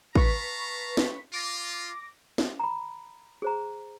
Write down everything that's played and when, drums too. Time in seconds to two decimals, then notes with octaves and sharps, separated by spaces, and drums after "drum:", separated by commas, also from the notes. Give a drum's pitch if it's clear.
0.15 B4 F5 A5 A#5 C#6 B6, drum: kick
0.97 drum: snare
1.34 F4 D6 A#6
2.38 drum: snare
2.59 A#5 B5
3.42 G#4 C5 A#5